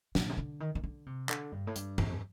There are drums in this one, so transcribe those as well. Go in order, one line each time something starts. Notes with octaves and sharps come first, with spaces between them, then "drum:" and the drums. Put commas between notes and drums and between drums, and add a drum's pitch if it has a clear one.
A#2, drum: snare
C3
D3
D#3
D#3
D3
C3
D3, drum: clap
G2
A2
G2, drum: hi-hat
F2, drum: tom G2